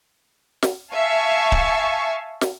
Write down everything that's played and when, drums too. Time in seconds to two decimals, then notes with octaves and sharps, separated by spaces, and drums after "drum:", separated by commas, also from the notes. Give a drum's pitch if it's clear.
0.63 drum: snare
0.92 E5 F5 G#5 A5 C#6
1.52 drum: kick C#1
2.41 drum: snare